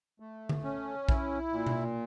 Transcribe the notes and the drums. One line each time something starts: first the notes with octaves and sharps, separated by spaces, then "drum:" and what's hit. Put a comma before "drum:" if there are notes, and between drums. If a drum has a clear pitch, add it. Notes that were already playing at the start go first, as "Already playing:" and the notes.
A3
drum: tom D3
C#4
E4, drum: kick
A#2
drum: tom B2